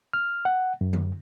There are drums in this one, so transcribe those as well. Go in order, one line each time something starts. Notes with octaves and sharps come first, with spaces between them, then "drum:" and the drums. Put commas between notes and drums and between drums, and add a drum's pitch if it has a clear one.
F6
F#5
F#2
drum: tom D3